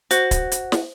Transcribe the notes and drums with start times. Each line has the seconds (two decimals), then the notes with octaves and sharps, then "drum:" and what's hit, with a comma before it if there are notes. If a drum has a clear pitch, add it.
0.11 F#4 C5, drum: hi-hat
0.31 drum: kick, hi-hat
0.52 drum: hi-hat
0.72 drum: snare